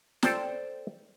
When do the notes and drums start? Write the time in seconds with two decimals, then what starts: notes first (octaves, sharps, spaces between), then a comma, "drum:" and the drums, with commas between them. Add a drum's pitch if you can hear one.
0.23 A4 C5 D5 G5 A5, drum: snare